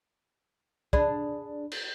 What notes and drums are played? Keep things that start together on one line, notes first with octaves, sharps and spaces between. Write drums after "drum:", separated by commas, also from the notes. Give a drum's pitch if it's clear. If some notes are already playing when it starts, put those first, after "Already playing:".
D4 G#4 D5 B5, drum: kick
drum: cymbal